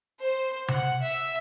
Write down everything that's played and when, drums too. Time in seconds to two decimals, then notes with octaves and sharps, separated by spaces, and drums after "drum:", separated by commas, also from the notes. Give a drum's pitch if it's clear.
0.22 C5
0.68 F#5, drum: tom C3
1.02 E5